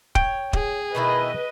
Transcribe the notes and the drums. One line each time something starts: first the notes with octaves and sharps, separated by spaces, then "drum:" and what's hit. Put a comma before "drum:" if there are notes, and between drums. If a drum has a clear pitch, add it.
C#5 G5, drum: kick D#1
G#4, drum: kick D#1
B2 D#3 E4 B4 D#5